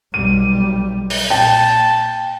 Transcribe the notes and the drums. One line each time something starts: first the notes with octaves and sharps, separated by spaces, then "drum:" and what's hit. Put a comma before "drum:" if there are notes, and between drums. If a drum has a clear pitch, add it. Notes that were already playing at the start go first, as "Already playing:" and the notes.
B1 G3 D#7
drum: open hi-hat
A#2 G5 A5